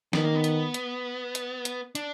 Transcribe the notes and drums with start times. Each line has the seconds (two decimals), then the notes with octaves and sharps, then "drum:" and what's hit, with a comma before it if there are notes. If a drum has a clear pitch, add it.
0.13 D#3 B3, drum: snare
0.25 A#3
0.35 B3
0.44 drum: hi-hat
0.74 drum: hi-hat
1.35 drum: hi-hat
1.65 drum: hi-hat
1.95 D4, drum: hi-hat